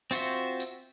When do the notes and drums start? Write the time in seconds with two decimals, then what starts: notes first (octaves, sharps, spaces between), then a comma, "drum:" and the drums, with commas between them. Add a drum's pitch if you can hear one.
0.11 C4 F4 F#4 C5 E5, drum: tambourine
0.60 drum: tambourine